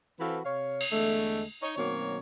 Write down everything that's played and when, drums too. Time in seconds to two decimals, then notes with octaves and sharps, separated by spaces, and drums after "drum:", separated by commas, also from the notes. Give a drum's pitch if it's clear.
0.20 E3 C4 F#4 A4 B4 F5
0.45 C3 C#5 F5
0.81 drum: cymbal
0.91 E2 D3 G#3 A3
1.62 D#4 C#5
1.77 B2 D#3 F#3 A#3 C4 C#5